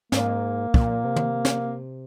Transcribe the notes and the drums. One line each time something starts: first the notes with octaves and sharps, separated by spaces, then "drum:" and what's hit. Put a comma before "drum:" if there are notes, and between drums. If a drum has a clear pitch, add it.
G#2 A#3, drum: snare
A#2, drum: kick
C3
drum: tom
drum: snare